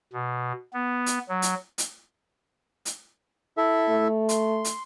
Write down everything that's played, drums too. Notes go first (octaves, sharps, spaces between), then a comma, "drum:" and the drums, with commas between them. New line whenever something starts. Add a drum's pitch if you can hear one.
B2
B3
drum: hi-hat
F#3
drum: hi-hat
drum: hi-hat
drum: hi-hat
E4 A4 E5
A3
C6, drum: hi-hat
drum: hi-hat